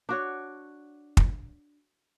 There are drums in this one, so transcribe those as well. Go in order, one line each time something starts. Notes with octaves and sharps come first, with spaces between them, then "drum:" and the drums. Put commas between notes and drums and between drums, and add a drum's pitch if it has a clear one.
D4 F#4 C#5
drum: kick